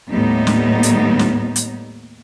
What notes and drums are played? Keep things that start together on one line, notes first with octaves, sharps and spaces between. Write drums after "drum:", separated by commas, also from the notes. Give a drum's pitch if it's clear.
D#2 A2 G3 B3 D#4
drum: snare
drum: hi-hat
drum: snare
drum: hi-hat